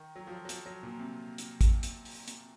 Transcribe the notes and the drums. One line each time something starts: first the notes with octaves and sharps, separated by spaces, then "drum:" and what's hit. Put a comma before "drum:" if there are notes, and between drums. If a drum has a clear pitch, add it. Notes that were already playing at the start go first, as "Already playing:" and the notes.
Already playing: D#3
F#3
F3
F#3
F#3
F3, drum: hi-hat
F#3
A#2
C3
drum: hi-hat
drum: kick, hi-hat
drum: hi-hat
drum: open hi-hat
drum: hi-hat